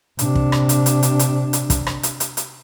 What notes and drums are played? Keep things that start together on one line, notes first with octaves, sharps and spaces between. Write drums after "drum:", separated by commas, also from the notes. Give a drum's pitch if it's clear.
C3 D4, drum: hi-hat
drum: kick
drum: rim click
drum: hi-hat
drum: hi-hat
drum: hi-hat
drum: hi-hat
drum: hi-hat
drum: kick, hi-hat
drum: rim click
drum: hi-hat
drum: hi-hat
drum: hi-hat